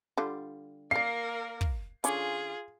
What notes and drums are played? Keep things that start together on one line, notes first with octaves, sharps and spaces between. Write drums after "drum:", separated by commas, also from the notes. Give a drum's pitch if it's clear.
D3 G3 F4
A#3 A#4 D5 F5 C7
drum: kick
D3 C#4 F4 G#4, drum: hi-hat